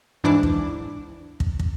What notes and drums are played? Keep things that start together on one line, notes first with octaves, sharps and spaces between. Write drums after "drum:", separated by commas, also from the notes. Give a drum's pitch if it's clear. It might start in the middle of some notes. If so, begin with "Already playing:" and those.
G#2 E3 D4 E4 D6
drum: kick
drum: kick
drum: kick